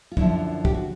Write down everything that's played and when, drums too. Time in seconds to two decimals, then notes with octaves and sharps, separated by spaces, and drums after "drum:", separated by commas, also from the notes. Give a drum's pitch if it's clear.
0.12 F4
0.17 F#2 D3 F3 D4 E4, drum: kick
0.65 G4, drum: kick
0.74 F#4